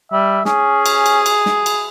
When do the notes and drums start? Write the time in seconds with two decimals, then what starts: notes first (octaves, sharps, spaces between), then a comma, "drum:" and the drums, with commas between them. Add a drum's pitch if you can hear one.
0.12 G3 E5
0.45 C#4 G#4, drum: snare
0.86 drum: cymbal
1.06 drum: cymbal
1.26 drum: cymbal
1.46 drum: snare
1.66 drum: cymbal